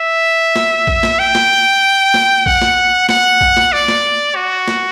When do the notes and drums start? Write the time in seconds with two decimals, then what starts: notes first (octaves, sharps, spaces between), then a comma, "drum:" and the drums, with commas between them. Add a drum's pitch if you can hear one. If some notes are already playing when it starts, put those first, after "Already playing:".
Already playing: E5
0.56 drum: snare
0.87 drum: kick A#1
1.03 drum: snare
1.19 G5
1.35 drum: snare
2.14 drum: snare
2.46 F#5, drum: kick A#1
2.62 drum: snare
3.09 F#5, drum: snare
3.41 drum: kick A#1
3.57 drum: snare
3.73 D5
3.88 drum: snare
4.36 F#4
4.68 drum: snare